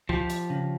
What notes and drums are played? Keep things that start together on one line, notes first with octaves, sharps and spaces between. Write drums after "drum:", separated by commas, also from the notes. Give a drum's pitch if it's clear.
F3 G4, drum: kick
drum: hi-hat
C#3